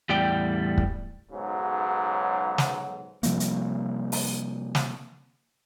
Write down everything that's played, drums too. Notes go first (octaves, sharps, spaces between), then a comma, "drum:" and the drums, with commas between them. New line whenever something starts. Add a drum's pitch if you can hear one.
E2 A2 G3 D5 G5
drum: kick
B1 G#2 C#3 F#3
drum: snare
C3 F3 G3 A#3, drum: hi-hat
drum: hi-hat
drum: open hi-hat
drum: snare